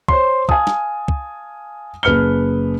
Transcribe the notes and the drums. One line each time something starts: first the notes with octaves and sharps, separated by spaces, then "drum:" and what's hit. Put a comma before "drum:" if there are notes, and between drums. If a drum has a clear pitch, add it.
C5 C#5 C6, drum: kick
F5 G#5 A5 D#6, drum: kick
drum: snare
drum: kick
F#1 B4 F6 C#7 G7